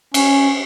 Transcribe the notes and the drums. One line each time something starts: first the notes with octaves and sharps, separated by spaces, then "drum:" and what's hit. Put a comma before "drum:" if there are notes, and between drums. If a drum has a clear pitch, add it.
C#4, drum: cymbal